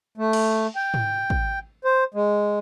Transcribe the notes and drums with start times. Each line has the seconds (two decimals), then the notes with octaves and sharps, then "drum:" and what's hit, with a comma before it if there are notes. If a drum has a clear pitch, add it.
0.18 A3
0.33 drum: cymbal
0.76 G5
0.94 drum: tom G#2
1.30 drum: kick
1.85 C5
2.14 G#3